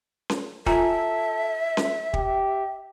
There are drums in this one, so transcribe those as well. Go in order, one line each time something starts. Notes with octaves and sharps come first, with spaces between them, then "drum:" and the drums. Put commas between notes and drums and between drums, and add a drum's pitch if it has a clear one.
drum: snare C#4
F4 A4 E5 G#5 A#5, drum: kick
drum: snare C#4
G4, drum: kick